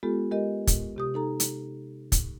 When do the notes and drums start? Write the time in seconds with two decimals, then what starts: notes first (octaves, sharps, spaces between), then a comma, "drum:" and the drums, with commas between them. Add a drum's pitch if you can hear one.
0.03 G#3 B3 F4 G4 A4
0.31 G#3 G4 A#4 D#5
0.67 drum: kick, hi-hat
0.96 C3 G4 D#6
1.14 D#4 A4 A#5
1.40 drum: hi-hat
2.12 drum: kick, hi-hat